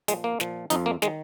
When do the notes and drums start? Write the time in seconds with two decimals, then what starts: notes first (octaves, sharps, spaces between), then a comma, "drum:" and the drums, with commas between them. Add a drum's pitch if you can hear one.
0.08 A#2 F3 G#3, drum: hi-hat
0.24 A#3
0.40 A#2 F3, drum: snare
0.70 F2 F3 D#4, drum: hi-hat
0.86 A#3
1.02 D#3 G#3, drum: snare